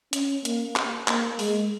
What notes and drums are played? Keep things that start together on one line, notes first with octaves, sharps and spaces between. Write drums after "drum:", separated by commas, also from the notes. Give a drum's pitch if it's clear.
C#4, drum: hi-hat
A#3, drum: hi-hat
drum: clap
A#3, drum: clap
G#3, drum: open hi-hat